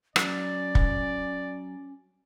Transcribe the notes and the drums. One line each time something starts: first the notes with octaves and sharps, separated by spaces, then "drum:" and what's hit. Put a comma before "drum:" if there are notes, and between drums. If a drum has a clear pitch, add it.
F#3 C#4 D5, drum: rim click
drum: kick